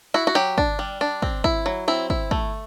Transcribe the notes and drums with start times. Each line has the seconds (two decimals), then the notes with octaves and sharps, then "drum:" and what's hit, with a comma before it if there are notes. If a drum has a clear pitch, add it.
0.14 E4 F#4
0.27 F#4
0.35 F#3 G4
0.58 D4, drum: kick
0.79 G3
1.01 D4
1.22 C4, drum: kick
1.44 E4, drum: kick
1.66 F#3
1.88 C4 E4
2.10 E4, drum: kick
2.31 A3, drum: kick